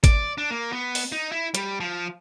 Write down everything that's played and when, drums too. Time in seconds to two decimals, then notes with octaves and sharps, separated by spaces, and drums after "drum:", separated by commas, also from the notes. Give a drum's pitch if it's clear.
0.04 D5, drum: kick G#1, hi-hat
0.38 D4
0.51 A#3
0.72 B3
0.95 drum: open hi-hat
1.12 D#4
1.32 E4
1.55 G3, drum: hi-hat
1.80 F3